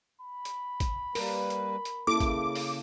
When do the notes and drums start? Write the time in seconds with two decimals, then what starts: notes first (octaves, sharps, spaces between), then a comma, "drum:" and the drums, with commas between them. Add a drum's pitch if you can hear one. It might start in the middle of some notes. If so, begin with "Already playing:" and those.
0.21 B5
0.45 drum: hi-hat
0.80 drum: kick, hi-hat
1.15 G3 A#3 A#4 B4, drum: open hi-hat
1.50 drum: hi-hat
1.85 drum: hi-hat
2.07 C#3 A#3 E4 A4 D6
2.20 drum: kick, hi-hat
2.55 drum: open hi-hat